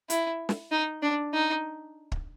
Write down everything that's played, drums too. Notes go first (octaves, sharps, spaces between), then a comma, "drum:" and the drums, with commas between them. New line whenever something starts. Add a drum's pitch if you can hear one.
E4, drum: hi-hat
drum: snare
D#4
D4
D#4
drum: kick